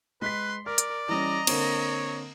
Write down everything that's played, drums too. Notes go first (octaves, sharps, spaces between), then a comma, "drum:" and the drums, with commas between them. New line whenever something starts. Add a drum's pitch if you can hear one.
G#3 B4 C6 F#6 B6
A#4 D5 F6
drum: hi-hat
E3 G3 C#4 D#5 A#5
D3 A#3 C4 C#5, drum: cymbal